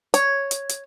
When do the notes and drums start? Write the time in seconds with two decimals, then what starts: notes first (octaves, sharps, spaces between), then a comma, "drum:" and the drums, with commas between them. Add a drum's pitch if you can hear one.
0.14 C#5, drum: hi-hat
0.51 drum: hi-hat
0.69 drum: hi-hat